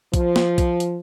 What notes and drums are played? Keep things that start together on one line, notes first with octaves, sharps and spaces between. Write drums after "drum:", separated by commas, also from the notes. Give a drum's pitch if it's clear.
F3, drum: kick, hi-hat
drum: snare
drum: kick, hi-hat
drum: hi-hat